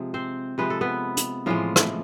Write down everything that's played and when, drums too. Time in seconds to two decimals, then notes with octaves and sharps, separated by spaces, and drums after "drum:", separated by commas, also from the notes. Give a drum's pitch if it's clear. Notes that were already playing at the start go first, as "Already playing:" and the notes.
Already playing: C3 F3 G#3
0.14 C4 C5
0.58 C3 F3 G#3 B4
0.70 A4
0.81 B3 B4
1.17 drum: hi-hat
1.46 A2 E3 F3 G#3 F4
1.76 drum: rim click